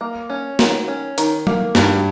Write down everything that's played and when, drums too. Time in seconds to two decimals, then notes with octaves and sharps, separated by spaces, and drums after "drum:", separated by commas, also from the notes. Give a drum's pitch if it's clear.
0.01 A#3
0.30 C#4
0.59 D#3, drum: snare
0.88 C#4
1.18 D#3, drum: hi-hat
1.47 A#3, drum: tom
1.75 G2 D#3, drum: snare